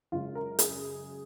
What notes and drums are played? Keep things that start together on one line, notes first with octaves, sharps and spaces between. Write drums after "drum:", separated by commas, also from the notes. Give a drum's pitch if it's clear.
F#2 C#3 G#3 F4
A#4
G#4, drum: hi-hat